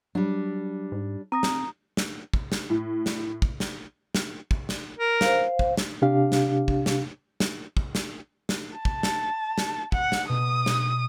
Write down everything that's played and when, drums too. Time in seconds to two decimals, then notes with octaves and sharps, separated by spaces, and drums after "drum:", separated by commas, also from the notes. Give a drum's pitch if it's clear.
0.15 F#3 G3 D4
0.92 G#2
1.32 C4 A#5 D#6 A#6
1.43 drum: snare
1.97 drum: snare
2.34 drum: kick
2.52 drum: snare
2.70 A2
3.06 drum: snare
3.42 drum: kick
3.60 drum: snare
4.15 drum: snare
4.51 drum: kick
4.69 drum: snare
4.98 A#4
5.21 C5 F5, drum: snare
5.59 drum: kick
5.77 drum: snare
6.02 C3 D4 G4 F5
6.32 drum: snare
6.68 drum: kick
6.86 drum: snare
7.40 drum: snare
7.77 drum: kick
7.95 drum: snare
8.49 drum: snare
8.76 A5
8.85 drum: kick
9.03 drum: snare
9.58 drum: snare
9.92 F#5, drum: kick
10.12 drum: snare
10.29 B2 D#6
10.66 drum: snare